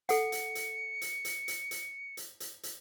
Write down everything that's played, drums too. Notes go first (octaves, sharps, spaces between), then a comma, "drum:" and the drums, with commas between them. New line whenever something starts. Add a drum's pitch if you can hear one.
A4 F#5 C#7, drum: hi-hat
drum: hi-hat
drum: hi-hat
drum: hi-hat
drum: hi-hat
drum: hi-hat
drum: hi-hat
drum: hi-hat
drum: hi-hat
drum: hi-hat